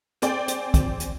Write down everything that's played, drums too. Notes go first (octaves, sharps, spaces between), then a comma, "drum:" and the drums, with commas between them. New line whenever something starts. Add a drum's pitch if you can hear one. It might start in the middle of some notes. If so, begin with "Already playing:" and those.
C4 G#4 D5 G5, drum: hi-hat
drum: hi-hat
drum: kick, hi-hat
drum: hi-hat